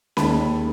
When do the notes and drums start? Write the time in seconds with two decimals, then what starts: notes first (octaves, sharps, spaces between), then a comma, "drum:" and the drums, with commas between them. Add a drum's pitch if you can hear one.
0.17 D#2 D#3 G#3 A5 B5, drum: snare C#4